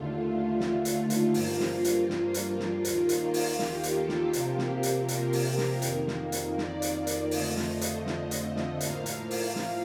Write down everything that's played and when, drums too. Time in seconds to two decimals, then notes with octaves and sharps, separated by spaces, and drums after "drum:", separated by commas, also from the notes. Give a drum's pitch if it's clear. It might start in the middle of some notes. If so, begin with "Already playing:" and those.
Already playing: D#2 D3 A3 F4
0.60 F4, drum: snare
0.85 drum: hi-hat
1.10 drum: hi-hat
1.34 G2 F3 A#3 F4, drum: open hi-hat
1.60 drum: snare
1.85 drum: hi-hat
2.09 drum: snare
2.34 drum: hi-hat
2.59 drum: snare
2.85 D#2 D#3 A#3, drum: hi-hat
3.09 drum: hi-hat
3.34 drum: open hi-hat
3.59 G4, drum: snare
3.83 drum: hi-hat
3.95 A4
4.08 drum: snare
4.33 C3 F3 A#3 G4, drum: hi-hat
4.58 drum: snare
4.83 drum: hi-hat
5.08 A#4, drum: hi-hat
5.33 drum: open hi-hat
5.58 drum: snare
5.82 F2 D#3 A#3, drum: hi-hat
6.07 drum: snare
6.32 drum: hi-hat
6.58 D5, drum: snare
6.82 drum: hi-hat
6.94 D5
7.07 drum: hi-hat
7.31 F2 D3 F3 A3 D#5, drum: open hi-hat
7.57 drum: snare
7.81 drum: hi-hat
8.06 drum: snare
8.31 drum: hi-hat
8.56 drum: snare
8.81 A2 F3 A#3 F5, drum: hi-hat
9.06 drum: hi-hat
9.31 drum: open hi-hat
9.55 drum: snare